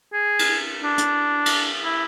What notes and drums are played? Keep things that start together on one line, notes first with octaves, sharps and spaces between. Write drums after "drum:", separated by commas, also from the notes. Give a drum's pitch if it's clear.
G#4
drum: cymbal
D4
drum: hi-hat
drum: cymbal
E4